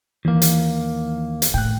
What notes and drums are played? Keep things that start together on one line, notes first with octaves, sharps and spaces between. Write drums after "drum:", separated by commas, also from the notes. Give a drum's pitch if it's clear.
D#2 E3 A#3
drum: hi-hat
drum: hi-hat
A2 G5 F#6